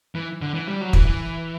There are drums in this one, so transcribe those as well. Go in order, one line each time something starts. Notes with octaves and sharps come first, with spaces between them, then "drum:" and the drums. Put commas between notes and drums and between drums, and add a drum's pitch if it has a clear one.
E3
D3
E3
G3
F#3
E3, drum: kick
E3